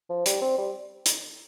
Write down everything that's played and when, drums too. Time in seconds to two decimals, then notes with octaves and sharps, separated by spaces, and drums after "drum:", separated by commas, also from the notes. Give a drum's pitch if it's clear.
0.09 F3
0.26 G3, drum: hi-hat
0.42 C4
0.58 G3
1.06 drum: hi-hat